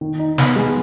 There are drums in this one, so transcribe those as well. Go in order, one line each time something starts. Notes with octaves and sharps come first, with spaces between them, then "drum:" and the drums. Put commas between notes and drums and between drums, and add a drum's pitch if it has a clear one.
D#3
D#4
B3, drum: snare
G#3